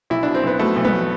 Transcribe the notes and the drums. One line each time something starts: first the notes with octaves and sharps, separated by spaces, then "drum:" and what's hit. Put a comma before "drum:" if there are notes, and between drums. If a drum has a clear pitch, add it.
B1 E4
B2 D4
C4
B1 B3
B2 A3
B1
B3, drum: tom
B2